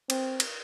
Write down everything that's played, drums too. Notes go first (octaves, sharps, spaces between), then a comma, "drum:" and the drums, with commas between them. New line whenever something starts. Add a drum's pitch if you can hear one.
C4, drum: cymbal
drum: cymbal